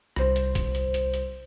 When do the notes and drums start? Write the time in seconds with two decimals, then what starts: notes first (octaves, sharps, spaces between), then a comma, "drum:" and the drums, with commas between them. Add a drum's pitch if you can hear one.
0.16 C2 C5, drum: rim click
0.36 drum: hi-hat
0.55 drum: kick, hi-hat
0.75 drum: hi-hat
0.94 drum: hi-hat
1.14 drum: hi-hat